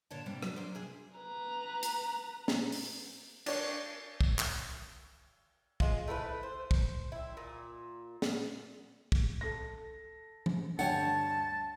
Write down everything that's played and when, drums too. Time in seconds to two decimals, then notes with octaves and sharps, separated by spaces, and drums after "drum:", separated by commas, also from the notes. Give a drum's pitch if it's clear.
0.10 A#2 D3 C#5 D5 A5
0.26 G#2 C3 G3 B3 C4 D4
0.42 F#3 D4, drum: rim click
0.56 A#3 D4 C5
0.75 C3 G#4 E5
1.17 B4 A#5
1.83 drum: hi-hat
2.48 drum: snare
2.72 drum: open hi-hat
3.46 D4 C#5, drum: cymbal
4.21 drum: kick
4.39 drum: clap
5.80 G#3 F4, drum: kick
6.08 A3 E4 F4 B4
6.43 C5
6.71 drum: kick
7.12 C4 E4
7.37 A#2
8.22 drum: snare
9.12 drum: kick
9.41 A4 A#6
10.46 drum: tom E3
10.79 D2 G2 C#5 F#5 G5 A5, drum: tambourine